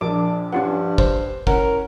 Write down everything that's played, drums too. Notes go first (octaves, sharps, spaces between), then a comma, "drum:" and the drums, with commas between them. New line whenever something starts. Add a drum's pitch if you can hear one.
A#1 D4 A#4 D6
G2 C#4 F4 F#5
C5, drum: kick
C#4 E4 A#4 F#5, drum: kick